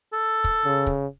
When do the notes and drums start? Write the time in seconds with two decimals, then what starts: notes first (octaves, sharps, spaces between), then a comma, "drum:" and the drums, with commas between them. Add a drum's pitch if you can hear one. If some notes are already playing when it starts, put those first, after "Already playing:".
0.13 A4
0.44 drum: kick
0.65 C#3
0.87 drum: kick